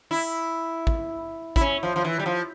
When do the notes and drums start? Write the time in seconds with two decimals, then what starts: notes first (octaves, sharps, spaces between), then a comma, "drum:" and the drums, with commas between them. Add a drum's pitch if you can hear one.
0.11 E4
0.87 drum: kick
1.56 E4, drum: kick
1.61 C#4
1.83 F3
1.96 F3
2.04 E3
2.19 G3
2.26 F3